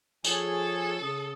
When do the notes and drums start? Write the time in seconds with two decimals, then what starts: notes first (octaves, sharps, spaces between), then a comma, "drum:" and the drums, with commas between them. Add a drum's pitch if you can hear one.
0.24 F3 G#4 A4 C#5, drum: tambourine
1.01 C#3 D#6